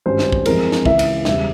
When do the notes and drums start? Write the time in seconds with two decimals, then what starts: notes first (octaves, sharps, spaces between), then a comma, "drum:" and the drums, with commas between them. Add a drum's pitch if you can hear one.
0.06 G#1 G2 G3 C#4 C5
0.19 drum: snare
0.32 drum: kick
0.46 F2 E3 G#3 C4 A#4, drum: cymbal
0.72 drum: snare
0.86 C#2 C#3 E3 E5, drum: kick
0.99 drum: cymbal
1.25 E1 E2 C#3 G3 E5, drum: snare